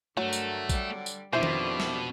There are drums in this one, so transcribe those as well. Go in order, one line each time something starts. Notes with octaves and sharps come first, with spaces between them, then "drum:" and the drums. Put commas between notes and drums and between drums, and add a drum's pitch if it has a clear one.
G2 D3 F#3 A3 A#4
drum: tambourine
G3, drum: kick A#1, tambourine
drum: tambourine
F2 B2 D#3 G3 D4 E4 C5 D6
drum: tom D#3
drum: snare